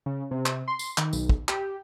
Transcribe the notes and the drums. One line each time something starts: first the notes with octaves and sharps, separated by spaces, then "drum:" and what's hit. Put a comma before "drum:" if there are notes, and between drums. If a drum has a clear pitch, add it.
C#3
C3
drum: clap
C6
drum: tambourine
D#3, drum: clap
B1, drum: tambourine
drum: kick
G4, drum: clap